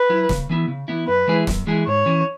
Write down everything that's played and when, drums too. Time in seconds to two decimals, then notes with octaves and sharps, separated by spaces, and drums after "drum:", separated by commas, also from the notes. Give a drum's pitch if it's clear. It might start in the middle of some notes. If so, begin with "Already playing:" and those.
Already playing: B4
0.10 F#3 E4
0.29 C#3, drum: snare
0.50 E3 B3 E4
0.68 C#3
0.88 E3 B3 E4
1.08 F#2 B4
1.28 E3 G#3 E4 G#4
1.47 F#2, drum: snare
1.67 E3 G#3 E4 G#4
1.87 G#2 C#5
2.06 E3 C#4